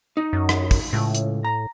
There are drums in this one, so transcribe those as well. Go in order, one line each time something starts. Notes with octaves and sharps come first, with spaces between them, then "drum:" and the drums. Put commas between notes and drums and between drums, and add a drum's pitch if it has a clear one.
D#4
F#2
drum: rim click
drum: kick, open hi-hat
C#2 A2
drum: hi-hat
A#5